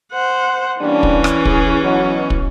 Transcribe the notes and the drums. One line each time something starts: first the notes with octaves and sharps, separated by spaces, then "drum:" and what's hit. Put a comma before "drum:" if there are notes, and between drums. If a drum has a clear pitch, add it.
C5 F#5
E3 G3 A#3 C#4 D4
drum: kick
drum: rim click
G#4, drum: kick
B2 F#3
drum: kick